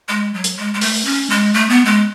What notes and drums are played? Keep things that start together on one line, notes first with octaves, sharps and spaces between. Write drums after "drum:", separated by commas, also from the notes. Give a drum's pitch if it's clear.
G#3
F#3
drum: hi-hat
G#3
G#3
A3, drum: open hi-hat
C#4
G#3
A3
B3
G#3